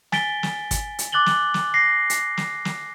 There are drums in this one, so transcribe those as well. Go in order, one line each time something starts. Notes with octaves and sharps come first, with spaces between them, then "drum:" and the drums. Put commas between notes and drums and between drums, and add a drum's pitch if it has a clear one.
G#5 A6 B6 D7 G7, drum: snare
drum: snare
drum: kick, hi-hat
drum: hi-hat
D6 F#6 A6 F#7 G7
drum: snare
drum: snare
A#6 C7
drum: hi-hat
drum: snare
drum: snare